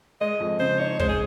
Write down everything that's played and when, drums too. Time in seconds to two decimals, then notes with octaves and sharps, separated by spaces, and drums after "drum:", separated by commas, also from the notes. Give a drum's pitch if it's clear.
0.21 G#3 D#5
0.40 F2
0.60 C#3 C5
0.79 D#4 C#5
0.99 G#3 C5, drum: kick
1.09 G#4